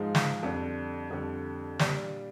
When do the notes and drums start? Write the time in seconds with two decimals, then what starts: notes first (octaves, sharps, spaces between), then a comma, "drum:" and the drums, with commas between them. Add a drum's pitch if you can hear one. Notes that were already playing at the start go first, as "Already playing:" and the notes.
Already playing: G#2 F3 G#3 D#4
0.15 drum: snare
0.43 F2 D3 G3
1.10 F2 D3 G3
1.79 A#2 G3 D4, drum: snare